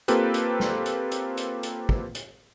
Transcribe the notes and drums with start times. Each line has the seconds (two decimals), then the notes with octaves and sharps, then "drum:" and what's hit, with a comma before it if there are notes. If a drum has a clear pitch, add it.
0.08 A#3 C4 F4 G4 A4 B4, drum: hi-hat
0.34 drum: hi-hat
0.60 drum: snare
0.86 drum: hi-hat
1.11 drum: hi-hat
1.37 drum: hi-hat
1.63 drum: hi-hat
1.89 drum: kick
2.15 drum: hi-hat